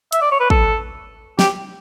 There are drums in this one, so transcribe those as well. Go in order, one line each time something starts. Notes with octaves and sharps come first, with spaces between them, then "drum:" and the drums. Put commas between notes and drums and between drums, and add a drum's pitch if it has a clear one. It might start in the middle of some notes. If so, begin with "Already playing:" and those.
E5, drum: hi-hat
D5
C#5
B4
A4, drum: kick
G4, drum: snare